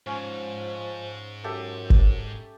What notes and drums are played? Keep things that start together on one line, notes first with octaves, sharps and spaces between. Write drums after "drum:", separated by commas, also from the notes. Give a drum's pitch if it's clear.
G#2 F3 C#4
F#2 G4 A4 E5
drum: kick G1